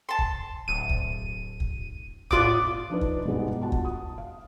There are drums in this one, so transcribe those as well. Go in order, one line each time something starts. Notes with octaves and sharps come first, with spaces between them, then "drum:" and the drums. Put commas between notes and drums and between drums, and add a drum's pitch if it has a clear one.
A5 C6
drum: kick
D1 D#7
drum: kick
drum: kick
A2 B3 F4 D5 D6 D#6, drum: kick
F3 D4 D#4 B4
drum: kick
G#2 B2 G3 G#3 B3 D#4
F4 F#4 F#5 A5
drum: kick
D#6
F5